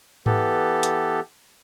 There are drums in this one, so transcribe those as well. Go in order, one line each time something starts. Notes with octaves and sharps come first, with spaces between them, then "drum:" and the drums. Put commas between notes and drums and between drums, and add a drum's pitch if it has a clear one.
E3 B3 G4 A4, drum: tom G#2
drum: hi-hat